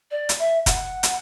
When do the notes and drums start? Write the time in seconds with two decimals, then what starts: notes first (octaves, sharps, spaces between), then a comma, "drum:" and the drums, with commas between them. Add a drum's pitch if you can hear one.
0.11 D5
0.29 drum: hi-hat
0.39 E5
0.66 F#5, drum: kick, hi-hat
1.03 drum: hi-hat